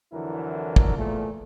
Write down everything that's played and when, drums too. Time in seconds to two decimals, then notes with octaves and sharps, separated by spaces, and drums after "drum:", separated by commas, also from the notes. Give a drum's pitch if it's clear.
0.13 F2 D3 E3 F#3 E4 A#4
0.76 drum: kick
0.97 E2 A#2 F3 A3